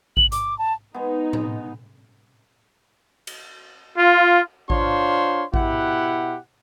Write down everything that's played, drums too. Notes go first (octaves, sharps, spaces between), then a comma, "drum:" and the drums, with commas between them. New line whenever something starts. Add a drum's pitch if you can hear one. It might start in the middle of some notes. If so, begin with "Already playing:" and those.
F#7, drum: kick A1
D6, drum: hi-hat
A5
G#3 B3 D#4
drum: tom A2
drum: cymbal
F4
D4 F4 C5 C#5 F5 C6, drum: kick A1
B2 E4 G4 F#5, drum: kick A1